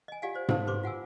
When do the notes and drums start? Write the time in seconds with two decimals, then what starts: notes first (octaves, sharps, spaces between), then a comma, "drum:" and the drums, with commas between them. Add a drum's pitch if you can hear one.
0.08 D#5 G#5
0.22 F4 G4 D5 F5 F#5 G#5
0.34 C5 D5
0.49 A4 C5 F5 A5, drum: tom G#2
0.67 G4 B4 C5 C6 D6
0.83 F4 F#5 G#5 E6